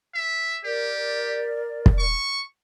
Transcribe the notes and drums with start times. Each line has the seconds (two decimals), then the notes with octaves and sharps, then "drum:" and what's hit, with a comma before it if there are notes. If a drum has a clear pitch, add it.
0.14 E5
0.64 G4 A#4 D5
1.86 drum: kick
1.98 C#6